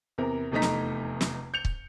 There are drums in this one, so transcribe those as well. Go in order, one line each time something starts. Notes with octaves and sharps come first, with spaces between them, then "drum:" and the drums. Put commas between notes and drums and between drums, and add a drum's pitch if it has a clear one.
E2 C3 A#4
F1 E2 A3 D#4 A#5 B6
drum: snare
drum: snare
G6 C#7 F7
drum: kick